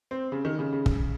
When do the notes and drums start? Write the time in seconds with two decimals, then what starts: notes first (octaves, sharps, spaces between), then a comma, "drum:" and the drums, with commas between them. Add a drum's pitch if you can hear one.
0.11 C4
0.32 C#3
0.45 D#3
0.59 C#3
0.73 C#3
0.86 drum: kick